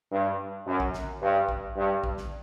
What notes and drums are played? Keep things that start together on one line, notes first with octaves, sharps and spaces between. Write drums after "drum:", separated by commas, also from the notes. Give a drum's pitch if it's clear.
G2
F#2
drum: kick A#1
drum: snare
G2
drum: kick A#1
G2
drum: kick A#1
drum: snare